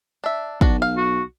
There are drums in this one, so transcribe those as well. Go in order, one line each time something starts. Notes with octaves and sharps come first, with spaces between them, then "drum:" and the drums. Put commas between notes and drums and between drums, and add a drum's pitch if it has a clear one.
D4 E5
B1 D4 F#4, drum: kick
F5
F#4